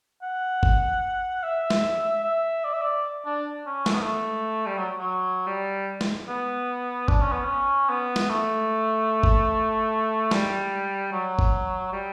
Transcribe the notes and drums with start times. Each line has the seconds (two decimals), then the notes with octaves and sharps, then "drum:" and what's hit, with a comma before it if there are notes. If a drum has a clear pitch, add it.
0.22 F#5
0.63 drum: kick
1.43 E5
1.70 drum: snare
2.24 E5
2.64 D5
2.73 E5
2.81 D5
3.25 D4
3.66 C#4
3.86 A3, drum: snare
3.93 B3
4.01 A3
4.66 G3
4.78 F#3
4.99 F#3
5.47 G3
6.01 drum: snare
6.28 B3
7.08 D4, drum: kick
7.21 C#4
7.32 B3
7.45 C#4
7.89 B3
8.16 drum: snare
8.29 A3
9.23 drum: kick
10.31 G3, drum: snare
11.12 F#3
11.39 drum: kick
11.92 G3